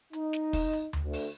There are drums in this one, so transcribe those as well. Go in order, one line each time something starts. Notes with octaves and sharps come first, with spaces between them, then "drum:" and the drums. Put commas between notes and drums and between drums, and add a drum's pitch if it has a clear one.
D#4, drum: hi-hat
drum: snare
drum: kick, open hi-hat
drum: hi-hat
drum: tom D2
D2
drum: open hi-hat